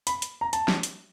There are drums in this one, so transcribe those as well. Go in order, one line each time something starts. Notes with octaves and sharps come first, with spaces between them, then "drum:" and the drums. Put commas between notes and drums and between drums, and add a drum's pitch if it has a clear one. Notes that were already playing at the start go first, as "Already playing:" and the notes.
B5, drum: hi-hat
drum: hi-hat
A#5
A5, drum: hi-hat
drum: snare
drum: hi-hat